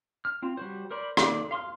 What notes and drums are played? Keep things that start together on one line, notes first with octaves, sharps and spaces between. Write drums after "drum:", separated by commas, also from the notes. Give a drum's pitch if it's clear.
F6
C4 F4
G3 F#4 C5
A#4 C5 D5 B5
D#3 A#3 D5, drum: rim click
F5 C6 C#6 F6